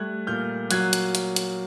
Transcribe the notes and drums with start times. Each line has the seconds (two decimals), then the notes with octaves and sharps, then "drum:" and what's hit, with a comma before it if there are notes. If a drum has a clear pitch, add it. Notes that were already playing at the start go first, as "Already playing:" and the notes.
Already playing: G3 A3 F#6 G#6
0.27 A#2 F6 G6
0.71 F#3 F#6 G#6, drum: hi-hat
0.93 drum: hi-hat
1.15 drum: hi-hat
1.36 drum: hi-hat